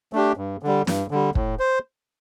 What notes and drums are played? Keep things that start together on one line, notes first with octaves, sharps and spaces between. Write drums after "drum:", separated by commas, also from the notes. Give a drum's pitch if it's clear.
A3 D4 G4
G2
D3 G3
G2, drum: snare
D3 G3
A2, drum: kick
C5